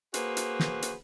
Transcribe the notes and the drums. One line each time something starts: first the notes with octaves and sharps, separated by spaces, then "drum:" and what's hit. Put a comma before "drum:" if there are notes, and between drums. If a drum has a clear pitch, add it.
A#3 F#4 G#4 B4 C5, drum: hi-hat
drum: hi-hat
drum: snare
drum: hi-hat